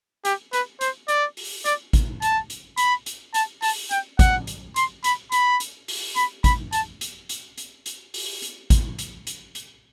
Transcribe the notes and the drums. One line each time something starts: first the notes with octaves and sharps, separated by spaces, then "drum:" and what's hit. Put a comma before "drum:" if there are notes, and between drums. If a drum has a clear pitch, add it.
G4, drum: hi-hat
B4, drum: hi-hat
C5, drum: hi-hat
D5, drum: hi-hat
drum: open hi-hat
D5, drum: hi-hat
drum: kick, hi-hat
A5, drum: hi-hat
drum: hi-hat
B5, drum: hi-hat
drum: hi-hat
A5, drum: hi-hat
A5, drum: open hi-hat
G5, drum: hi-hat
F#5, drum: kick, hi-hat
drum: hi-hat
C6, drum: hi-hat
B5, drum: hi-hat
B5, drum: hi-hat
drum: hi-hat
drum: open hi-hat
B5, drum: hi-hat
B5, drum: kick, hi-hat
A5, drum: hi-hat
drum: hi-hat
drum: hi-hat
drum: hi-hat
drum: hi-hat
drum: open hi-hat
drum: hi-hat
drum: kick, hi-hat
drum: hi-hat
drum: hi-hat
drum: hi-hat